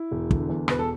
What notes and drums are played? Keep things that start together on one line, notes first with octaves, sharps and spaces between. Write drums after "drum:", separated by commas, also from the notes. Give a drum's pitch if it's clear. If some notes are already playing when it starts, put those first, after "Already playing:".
Already playing: E4
E1
D3, drum: kick
E2
E1 B4, drum: rim click
A4